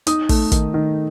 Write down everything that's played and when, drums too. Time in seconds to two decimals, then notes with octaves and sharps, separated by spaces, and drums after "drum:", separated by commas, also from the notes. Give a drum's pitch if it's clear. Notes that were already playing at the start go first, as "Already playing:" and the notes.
0.07 D#4 D#6, drum: hi-hat
0.29 A3, drum: kick, open hi-hat
0.52 D#3, drum: kick, hi-hat
0.74 D#3